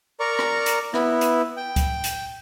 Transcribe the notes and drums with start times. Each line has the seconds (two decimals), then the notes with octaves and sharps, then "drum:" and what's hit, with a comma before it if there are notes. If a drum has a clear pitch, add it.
0.20 A#4 D5 A#5 C#6
0.39 drum: rim click
0.66 drum: hi-hat
0.94 B3 E4, drum: rim click
1.21 drum: hi-hat
1.57 G5
1.76 drum: kick C#2, hi-hat
2.04 drum: hi-hat